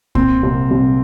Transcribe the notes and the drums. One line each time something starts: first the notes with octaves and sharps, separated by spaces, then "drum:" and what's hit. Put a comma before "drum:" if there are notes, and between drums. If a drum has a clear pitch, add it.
A#2 C4, drum: kick C2
C2
C2